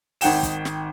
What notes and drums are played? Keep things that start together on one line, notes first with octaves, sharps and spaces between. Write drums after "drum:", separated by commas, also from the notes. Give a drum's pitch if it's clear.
G#1 D#3 F#5 G5 E7, drum: open hi-hat
drum: kick, hi-hat
drum: snare